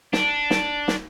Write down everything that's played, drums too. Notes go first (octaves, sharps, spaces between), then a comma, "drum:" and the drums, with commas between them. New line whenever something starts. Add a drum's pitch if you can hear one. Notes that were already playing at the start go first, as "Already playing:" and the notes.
D4, drum: snare
drum: snare
drum: snare